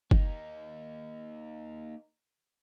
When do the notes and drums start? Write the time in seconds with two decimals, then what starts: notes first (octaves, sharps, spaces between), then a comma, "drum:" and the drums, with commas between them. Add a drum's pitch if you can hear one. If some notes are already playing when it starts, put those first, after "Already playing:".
0.11 A#3 D#4, drum: kick